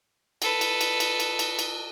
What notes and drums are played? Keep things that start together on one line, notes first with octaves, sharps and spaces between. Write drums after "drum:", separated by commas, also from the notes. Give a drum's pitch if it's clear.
A4 B4, drum: cymbal
drum: cymbal
drum: cymbal
drum: cymbal
drum: cymbal
drum: cymbal
drum: cymbal